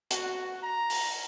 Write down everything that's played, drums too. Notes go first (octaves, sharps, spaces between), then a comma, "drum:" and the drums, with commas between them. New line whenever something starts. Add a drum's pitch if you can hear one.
F#4, drum: hi-hat
A#5
drum: open hi-hat